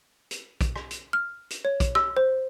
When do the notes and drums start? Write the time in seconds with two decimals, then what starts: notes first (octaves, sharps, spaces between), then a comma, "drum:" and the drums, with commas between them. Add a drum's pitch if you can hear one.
0.31 drum: hi-hat
0.61 drum: kick, hi-hat
0.76 drum: rim click
0.91 drum: hi-hat
1.13 F6
1.50 drum: hi-hat
1.65 C#5
1.80 drum: kick, hi-hat
1.95 E6, drum: rim click
2.17 C5